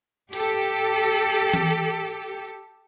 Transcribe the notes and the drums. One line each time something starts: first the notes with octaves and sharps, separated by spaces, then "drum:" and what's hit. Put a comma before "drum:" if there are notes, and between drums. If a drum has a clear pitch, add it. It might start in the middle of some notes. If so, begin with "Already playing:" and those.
G4 A4, drum: cymbal
drum: tom E3